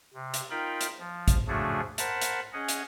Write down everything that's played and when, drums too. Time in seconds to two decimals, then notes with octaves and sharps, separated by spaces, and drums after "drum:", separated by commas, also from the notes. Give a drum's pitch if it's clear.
0.14 C3
0.34 drum: hi-hat
0.50 D#4 F4 A#4 G5 B5
0.81 drum: hi-hat
0.99 F3
1.28 drum: kick, hi-hat
1.48 C#3 F3 A3 D4 F#4 G#4
1.98 A#4 C5 F#5 A5 B5, drum: hi-hat
2.22 drum: hi-hat
2.53 C#4 G#4 D#5 F#5
2.68 drum: hi-hat